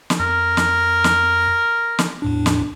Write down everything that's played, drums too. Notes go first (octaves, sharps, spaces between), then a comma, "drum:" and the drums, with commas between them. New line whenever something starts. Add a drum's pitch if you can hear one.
drum: snare
F2 A#4
drum: snare
drum: snare
drum: snare
E2 A2 D4
drum: snare